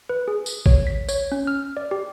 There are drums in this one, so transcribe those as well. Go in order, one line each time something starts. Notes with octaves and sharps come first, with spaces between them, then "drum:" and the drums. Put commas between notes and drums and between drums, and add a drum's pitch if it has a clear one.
B4
G#4
drum: tambourine
C#5, drum: kick
B6
C#5, drum: tambourine
C#4
F6
D5
G4